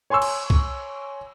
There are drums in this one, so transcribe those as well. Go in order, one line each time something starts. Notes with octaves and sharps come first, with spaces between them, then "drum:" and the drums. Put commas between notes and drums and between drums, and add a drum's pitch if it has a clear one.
C#5 G#5 C6 C#6 E6
drum: cymbal
drum: kick